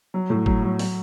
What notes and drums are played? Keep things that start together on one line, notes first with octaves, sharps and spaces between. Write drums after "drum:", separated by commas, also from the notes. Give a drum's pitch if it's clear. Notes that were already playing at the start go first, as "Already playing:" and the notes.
F#3
A2
F#3, drum: kick
F#3
F#3, drum: open hi-hat